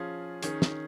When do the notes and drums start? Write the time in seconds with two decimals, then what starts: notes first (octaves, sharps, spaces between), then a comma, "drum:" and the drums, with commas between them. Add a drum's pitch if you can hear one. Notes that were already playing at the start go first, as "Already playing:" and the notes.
Already playing: F3 C#4 F4 G#4
0.43 D#3 C#4 G#4, drum: hi-hat
0.62 drum: snare